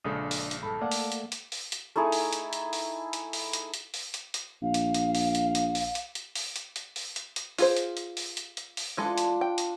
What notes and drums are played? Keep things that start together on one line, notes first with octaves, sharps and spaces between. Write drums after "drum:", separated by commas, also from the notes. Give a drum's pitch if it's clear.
A#1 C#3 G#3 D4 A4 D#6
drum: open hi-hat
drum: hi-hat
G2 A4 B5
A3 A#3 D5 F5 F#5
drum: open hi-hat
drum: hi-hat
drum: hi-hat
drum: open hi-hat
drum: hi-hat
A3 D#4 E4 G#4
drum: open hi-hat
drum: hi-hat
drum: hi-hat
drum: open hi-hat
drum: hi-hat
drum: open hi-hat
drum: hi-hat
drum: hi-hat
drum: open hi-hat
drum: hi-hat
drum: hi-hat
A#1 F5
drum: hi-hat
drum: hi-hat
drum: open hi-hat
drum: hi-hat
drum: hi-hat
drum: open hi-hat
drum: hi-hat
drum: hi-hat
drum: open hi-hat
drum: hi-hat
drum: hi-hat
drum: open hi-hat
drum: hi-hat
drum: hi-hat
F4 G#4 C5, drum: open hi-hat
drum: hi-hat
drum: hi-hat
drum: open hi-hat
drum: hi-hat
drum: hi-hat
drum: open hi-hat
E3 G#3 D4 F4 A4
drum: hi-hat
G5
drum: hi-hat